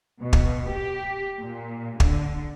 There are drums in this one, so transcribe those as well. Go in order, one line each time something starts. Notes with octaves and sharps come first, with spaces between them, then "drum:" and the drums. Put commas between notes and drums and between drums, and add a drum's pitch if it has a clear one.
B2
drum: kick
G4
A#2
D3, drum: kick